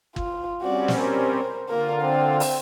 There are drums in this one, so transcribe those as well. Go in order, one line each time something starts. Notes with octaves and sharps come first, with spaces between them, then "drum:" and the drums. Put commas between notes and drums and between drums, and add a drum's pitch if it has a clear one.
F4, drum: kick
G3 C4 C#4 F#4 D5
drum: snare
A#4 C5
D3 A#3 F4 A#4
C4
drum: open hi-hat